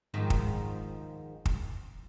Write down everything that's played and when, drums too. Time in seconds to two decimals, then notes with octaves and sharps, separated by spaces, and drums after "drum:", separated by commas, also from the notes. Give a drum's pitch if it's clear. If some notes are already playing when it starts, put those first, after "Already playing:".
0.14 G#2 D#3 F3
0.30 drum: kick
1.45 drum: kick